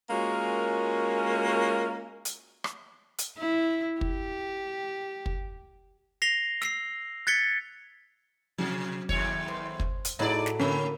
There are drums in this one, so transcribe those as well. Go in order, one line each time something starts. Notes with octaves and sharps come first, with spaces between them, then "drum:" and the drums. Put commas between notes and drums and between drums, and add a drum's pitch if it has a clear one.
G#3 A#3 C#4 F4 F#4 A#4
drum: hi-hat
drum: rim click
drum: hi-hat
E4
G4, drum: kick
drum: kick
A#6 C7 F7 G7
E6 C7, drum: snare
F#6 G#6 A6 B6 C#7 G7
C3 F#3
D#2 A2 C#5, drum: kick
C5
drum: kick
drum: hi-hat
A2 F#3 A3 D#4 E4 G#4 D5
drum: snare
D3 A3 A#3 C#4 E4